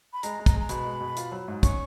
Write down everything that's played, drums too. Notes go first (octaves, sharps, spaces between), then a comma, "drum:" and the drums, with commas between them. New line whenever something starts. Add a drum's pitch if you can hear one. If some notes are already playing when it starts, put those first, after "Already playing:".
B5
G#3 A#5, drum: hi-hat
G#3
A#5, drum: kick, hi-hat
G#3
A#5
B2 B5, drum: hi-hat
G#3
B2
F4, drum: hi-hat
F#3
G#2
C#4 C#6, drum: kick, hi-hat